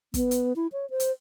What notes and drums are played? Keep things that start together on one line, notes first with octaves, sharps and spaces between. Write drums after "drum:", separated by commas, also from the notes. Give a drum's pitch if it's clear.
B3, drum: kick, hi-hat
drum: hi-hat
E4
C#5
C5
drum: hi-hat